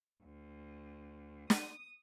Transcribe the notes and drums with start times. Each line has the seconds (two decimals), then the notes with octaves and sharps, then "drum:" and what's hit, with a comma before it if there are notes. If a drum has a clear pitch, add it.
0.22 D2
1.50 D#6, drum: snare